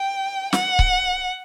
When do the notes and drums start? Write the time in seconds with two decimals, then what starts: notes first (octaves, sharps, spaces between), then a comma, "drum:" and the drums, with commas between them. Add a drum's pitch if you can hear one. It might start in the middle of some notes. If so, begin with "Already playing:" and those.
Already playing: G5
0.53 F#5, drum: snare
0.79 drum: kick C#1